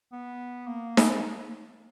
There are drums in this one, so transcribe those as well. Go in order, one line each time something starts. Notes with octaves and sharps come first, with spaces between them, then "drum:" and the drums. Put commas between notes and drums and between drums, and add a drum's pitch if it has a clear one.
B3
A#3
drum: snare D#4